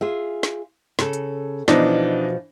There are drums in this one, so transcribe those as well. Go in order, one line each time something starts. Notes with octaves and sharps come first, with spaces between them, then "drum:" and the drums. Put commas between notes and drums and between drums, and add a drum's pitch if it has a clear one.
F4 G#4 E5
drum: snare
C#3 A4, drum: snare
drum: hi-hat
B2 E3 F3 D4 D#4, drum: snare